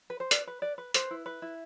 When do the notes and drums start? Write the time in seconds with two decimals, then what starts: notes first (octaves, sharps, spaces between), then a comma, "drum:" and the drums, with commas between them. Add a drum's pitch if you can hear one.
0.10 B4
0.20 C5
0.31 B4 D5, drum: hi-hat
0.47 B4
0.62 B4 D5
0.78 B4
0.94 B4 C5, drum: hi-hat
1.11 E4
1.26 B4
1.42 E4